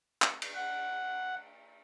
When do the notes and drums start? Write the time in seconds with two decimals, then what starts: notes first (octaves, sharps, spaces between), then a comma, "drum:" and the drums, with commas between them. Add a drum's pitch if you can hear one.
0.22 drum: clap
0.42 drum: cymbal
0.55 F#5